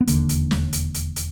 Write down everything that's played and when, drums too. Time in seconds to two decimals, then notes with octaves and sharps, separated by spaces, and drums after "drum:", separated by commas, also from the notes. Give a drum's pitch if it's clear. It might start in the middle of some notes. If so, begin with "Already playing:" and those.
0.01 B3
0.07 E1 D#2 D3 A#3, drum: hi-hat
0.29 drum: hi-hat
0.51 drum: snare
0.73 drum: hi-hat
0.94 drum: hi-hat
1.16 drum: hi-hat